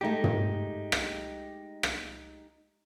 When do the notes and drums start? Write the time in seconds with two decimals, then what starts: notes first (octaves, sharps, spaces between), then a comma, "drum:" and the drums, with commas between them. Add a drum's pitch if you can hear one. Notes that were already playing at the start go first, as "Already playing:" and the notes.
0.01 G#3 A3 D#4 G4
0.24 drum: tom
0.92 drum: rim click
1.83 drum: rim click